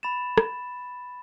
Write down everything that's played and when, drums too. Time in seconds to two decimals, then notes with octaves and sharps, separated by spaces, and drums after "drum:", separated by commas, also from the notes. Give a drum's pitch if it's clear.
0.03 B5 A6 E7
0.38 drum: rim click